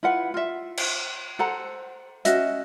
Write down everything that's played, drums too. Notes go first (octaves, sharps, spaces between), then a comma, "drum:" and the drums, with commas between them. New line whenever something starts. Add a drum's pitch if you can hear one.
E4 F4 B4 F#5
F4 E5
drum: cymbal
A4 C5 F#5 A#5
C#4 F#4 D#5 E5, drum: hi-hat